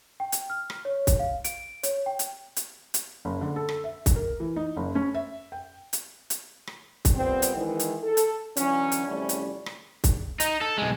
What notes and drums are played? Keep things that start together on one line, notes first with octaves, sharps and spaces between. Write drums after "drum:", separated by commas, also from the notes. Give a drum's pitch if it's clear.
G5
drum: hi-hat
F6
drum: rim click
C#5
drum: kick, hi-hat
F5
D7, drum: hi-hat
C#5, drum: hi-hat
G5
drum: hi-hat
drum: hi-hat
drum: hi-hat
F#1
D3
A4
drum: rim click
E5
drum: kick, hi-hat
A#4
E3
D#4
F#1
C#4
E5
G5
drum: hi-hat
drum: hi-hat
drum: rim click
drum: kick, hi-hat
A#2 G3 B3 C4
drum: hi-hat
D#3 E3 G#3
drum: hi-hat
A4
drum: hi-hat
D3 E3 F#3 C#4, drum: hi-hat
drum: hi-hat
E2 C3 F3 G3 A3 C#4
drum: hi-hat
drum: rim click
drum: kick, hi-hat
D#4, drum: hi-hat
A4
B1 G#3